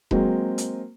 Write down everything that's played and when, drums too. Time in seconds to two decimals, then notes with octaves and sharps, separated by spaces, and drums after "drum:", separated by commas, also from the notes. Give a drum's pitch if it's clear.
0.11 F#3 G#3 A#3 C4, drum: kick E1
0.58 drum: hi-hat